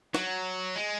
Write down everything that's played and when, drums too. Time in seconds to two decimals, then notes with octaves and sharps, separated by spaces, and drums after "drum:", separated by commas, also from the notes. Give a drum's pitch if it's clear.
0.15 F#3, drum: snare
0.75 G#3